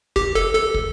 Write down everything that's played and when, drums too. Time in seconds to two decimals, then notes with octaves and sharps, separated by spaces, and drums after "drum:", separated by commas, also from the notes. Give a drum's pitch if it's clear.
0.16 G4, drum: kick
0.35 A4
0.55 A4
0.74 drum: kick